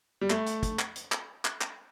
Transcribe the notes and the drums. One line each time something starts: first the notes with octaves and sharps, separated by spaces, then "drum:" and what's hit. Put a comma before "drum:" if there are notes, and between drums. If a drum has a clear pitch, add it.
G3
A3, drum: clap
drum: hi-hat
drum: kick, hi-hat
drum: clap
drum: hi-hat
drum: clap
drum: clap
drum: clap